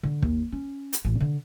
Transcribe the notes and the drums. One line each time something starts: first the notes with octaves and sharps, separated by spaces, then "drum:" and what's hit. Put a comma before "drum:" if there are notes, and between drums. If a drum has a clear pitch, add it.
D3
D#2, drum: kick
C#4
drum: hi-hat
A1
D3